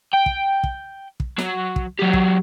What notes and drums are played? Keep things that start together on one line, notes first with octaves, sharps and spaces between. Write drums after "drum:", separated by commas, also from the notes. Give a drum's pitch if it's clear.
G5
drum: kick
drum: kick
drum: kick
F#3, drum: snare
drum: kick
F#3 G4
drum: kick